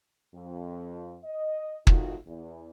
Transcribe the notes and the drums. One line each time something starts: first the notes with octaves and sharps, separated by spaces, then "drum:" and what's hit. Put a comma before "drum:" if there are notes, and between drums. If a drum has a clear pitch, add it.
F2
D#5
F2 A2 D#3 D#4 F4 F#4, drum: kick
E2